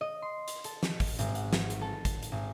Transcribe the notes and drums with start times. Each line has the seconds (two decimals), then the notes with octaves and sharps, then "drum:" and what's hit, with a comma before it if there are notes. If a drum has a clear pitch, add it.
0.01 D#5
0.22 C6
0.48 drum: hi-hat
0.64 A4, drum: hi-hat
0.83 drum: snare
1.00 drum: kick, open hi-hat
1.19 G#1, drum: hi-hat
1.35 F#5, drum: hi-hat
1.53 drum: snare
1.70 drum: hi-hat
1.81 A4
2.05 drum: kick, hi-hat
2.23 drum: hi-hat
2.32 G#1